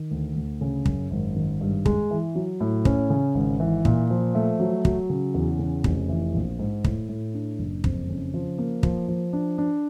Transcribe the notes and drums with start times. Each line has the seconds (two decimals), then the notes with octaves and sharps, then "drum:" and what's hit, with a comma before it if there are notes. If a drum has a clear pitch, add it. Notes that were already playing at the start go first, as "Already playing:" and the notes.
Already playing: D#3
0.11 D2
0.36 D2
0.61 C#3
0.85 F#2, drum: kick
1.11 G#1
1.36 D#3
1.61 G2
1.86 G#3, drum: kick
2.11 E3
2.35 F#3
2.60 A2
2.85 C#4, drum: kick
3.10 C#3
3.35 G#1
3.60 E3
3.85 A#2, drum: kick
4.10 F3
4.35 A3
4.60 F#3
4.85 F#3, drum: kick
5.10 C#3
5.34 E2
5.59 C#3
5.84 F1, drum: kick
6.09 E3
6.34 A#1
6.59 G#2
6.84 A2, drum: kick
7.09 A2
7.34 D4
7.59 F#1
7.84 F2, drum: kick
8.09 C#3
8.34 F3
8.58 A#3
8.83 F3, drum: kick
9.08 F3
9.33 D4
9.58 D4